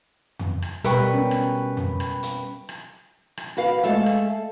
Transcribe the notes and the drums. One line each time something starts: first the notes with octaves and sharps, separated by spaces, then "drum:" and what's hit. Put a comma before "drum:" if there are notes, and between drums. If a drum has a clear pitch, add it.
drum: tom F2
drum: rim click
B2 G3 A#4 B4 G5 C#6, drum: hi-hat
C#4
drum: rim click
drum: tom F2
drum: rim click
drum: hi-hat
drum: rim click
drum: rim click
F#4 B4 F5
G#3 A3 A4 E5 F5
drum: rim click